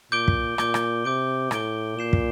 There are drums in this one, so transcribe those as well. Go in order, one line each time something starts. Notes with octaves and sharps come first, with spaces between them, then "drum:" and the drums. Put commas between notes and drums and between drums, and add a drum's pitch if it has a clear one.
A#2 D6 G6 D7 G7
drum: kick
A#2 D6 G6 D7 G7, drum: rim click
drum: rim click
C3 D6 G6 D7 G7
A2 D6 G6 D7 G7, drum: rim click
A#2 G6 C7 E7 G7
drum: kick